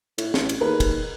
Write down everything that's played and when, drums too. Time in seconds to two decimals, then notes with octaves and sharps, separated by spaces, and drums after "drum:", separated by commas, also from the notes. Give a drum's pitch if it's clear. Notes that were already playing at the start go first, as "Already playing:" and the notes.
0.18 A2, drum: cymbal
0.34 A1, drum: snare
0.49 drum: cymbal
0.60 D#2 G#4 A#4 B4
0.80 drum: kick, cymbal